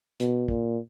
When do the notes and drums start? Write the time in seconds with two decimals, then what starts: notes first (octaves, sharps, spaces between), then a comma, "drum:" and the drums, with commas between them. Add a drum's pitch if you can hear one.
0.20 B2, drum: hi-hat
0.48 A#2, drum: kick